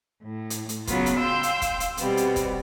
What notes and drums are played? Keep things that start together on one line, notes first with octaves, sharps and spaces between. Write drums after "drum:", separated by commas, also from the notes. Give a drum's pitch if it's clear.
A2
drum: hi-hat
drum: hi-hat
C#3 F#3 B3 F4, drum: kick, hi-hat
drum: hi-hat
F5 G5 C6 E6 G6
drum: hi-hat
drum: kick, hi-hat
drum: hi-hat
B2 G3 B3 C4, drum: hi-hat
drum: hi-hat
drum: kick, hi-hat